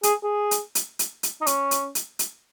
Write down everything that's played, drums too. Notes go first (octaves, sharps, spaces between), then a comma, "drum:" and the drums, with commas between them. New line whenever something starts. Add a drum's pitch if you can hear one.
G#4, drum: hi-hat
G#4
drum: hi-hat
drum: hi-hat
drum: hi-hat
drum: hi-hat
D#4
C#4, drum: hi-hat
drum: hi-hat
drum: hi-hat
drum: hi-hat